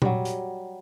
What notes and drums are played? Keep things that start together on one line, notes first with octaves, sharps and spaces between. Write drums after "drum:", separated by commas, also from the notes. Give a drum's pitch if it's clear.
F#3 G3, drum: tom A#2
drum: hi-hat